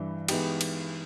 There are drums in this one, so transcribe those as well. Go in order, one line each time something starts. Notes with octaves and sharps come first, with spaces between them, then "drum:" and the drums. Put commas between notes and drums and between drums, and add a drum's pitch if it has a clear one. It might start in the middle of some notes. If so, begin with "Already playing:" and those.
Already playing: G2 E3 G3
E3 G#3 B3 D#4 G4, drum: cymbal
drum: cymbal